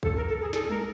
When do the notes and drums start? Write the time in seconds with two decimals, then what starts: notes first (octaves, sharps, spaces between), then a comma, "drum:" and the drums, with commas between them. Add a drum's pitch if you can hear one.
0.03 A4, drum: kick
0.16 A#4
0.28 A4
0.41 G#4
0.53 A4, drum: snare
0.70 A#4, drum: tom G3